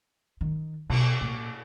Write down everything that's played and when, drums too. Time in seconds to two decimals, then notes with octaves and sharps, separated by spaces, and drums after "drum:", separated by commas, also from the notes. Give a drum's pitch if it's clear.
0.41 D#3
0.89 B2, drum: cymbal
1.21 A#2